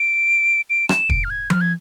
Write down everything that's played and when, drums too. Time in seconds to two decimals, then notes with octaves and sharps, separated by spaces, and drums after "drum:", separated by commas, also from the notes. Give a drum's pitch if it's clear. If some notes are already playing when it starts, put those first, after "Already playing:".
Already playing: D7
0.70 D7
0.89 E7, drum: rim click
1.09 D7, drum: kick
1.24 F6
1.30 G#6
1.50 F6, drum: tom F3
1.61 G#6